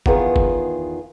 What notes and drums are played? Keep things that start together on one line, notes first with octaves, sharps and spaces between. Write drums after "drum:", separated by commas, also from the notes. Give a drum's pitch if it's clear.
E2 D#3 B3 F4 G#4, drum: kick
drum: kick